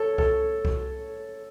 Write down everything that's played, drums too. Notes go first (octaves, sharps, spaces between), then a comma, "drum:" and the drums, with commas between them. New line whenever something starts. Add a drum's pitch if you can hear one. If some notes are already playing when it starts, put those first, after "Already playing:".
Already playing: A4 C#5
A4, drum: kick C2
drum: kick C2